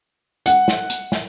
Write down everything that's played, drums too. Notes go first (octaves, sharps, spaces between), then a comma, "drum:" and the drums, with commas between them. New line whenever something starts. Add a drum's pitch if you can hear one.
F#5, drum: hi-hat
drum: snare
drum: hi-hat
drum: snare